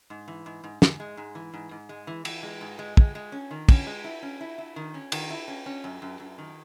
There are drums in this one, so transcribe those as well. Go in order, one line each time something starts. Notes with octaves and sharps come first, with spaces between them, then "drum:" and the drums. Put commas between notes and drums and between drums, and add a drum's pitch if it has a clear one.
G#2
E3
G#2
G#2
G#2, drum: snare
G#3
G#2
E3
G#2
G#2
G#3
E3
E3, drum: cymbal
G#3
G#2
G#3
G#3, drum: kick
G#3
C#4
D#3
C#4, drum: kick, cymbal
G#3
E4
C#4
E4
E4
D#3
C#4
D#3, drum: cymbal
E4
C#4
C#4
F#2
F#2
F#2
D#3